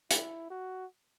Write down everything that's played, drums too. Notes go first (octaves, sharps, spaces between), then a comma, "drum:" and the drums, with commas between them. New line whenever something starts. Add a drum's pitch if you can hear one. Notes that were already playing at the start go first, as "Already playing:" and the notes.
E4, drum: hi-hat
F#4